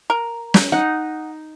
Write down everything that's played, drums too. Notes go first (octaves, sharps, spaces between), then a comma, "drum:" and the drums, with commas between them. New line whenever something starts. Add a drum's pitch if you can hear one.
A#4
drum: snare
D#4 F#5